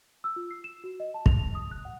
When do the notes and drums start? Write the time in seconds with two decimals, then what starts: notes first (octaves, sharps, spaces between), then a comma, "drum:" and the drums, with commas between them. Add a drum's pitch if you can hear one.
0.24 E6
0.36 F4
0.51 C7
0.64 E7
0.84 F#4
1.00 D#5
1.14 A5
1.26 F7, drum: kick
1.39 F7
1.55 D#6
1.71 F#6
1.85 F#5